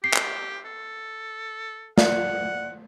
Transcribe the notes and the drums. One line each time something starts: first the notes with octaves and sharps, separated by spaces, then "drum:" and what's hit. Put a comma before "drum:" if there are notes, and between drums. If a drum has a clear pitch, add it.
G4 C7
drum: clap
A4
D5 F#5, drum: snare